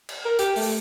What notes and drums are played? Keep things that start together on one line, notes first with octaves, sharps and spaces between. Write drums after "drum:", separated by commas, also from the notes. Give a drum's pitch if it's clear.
drum: cymbal
A#4
G4, drum: hi-hat
A3, drum: open hi-hat